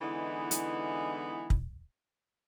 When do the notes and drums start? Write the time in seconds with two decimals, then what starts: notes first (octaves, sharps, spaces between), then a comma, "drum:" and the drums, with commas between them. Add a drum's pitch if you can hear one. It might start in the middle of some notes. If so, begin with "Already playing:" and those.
0.02 D3 E3 G#3 B3 D#4 E4
0.51 drum: hi-hat
1.50 drum: kick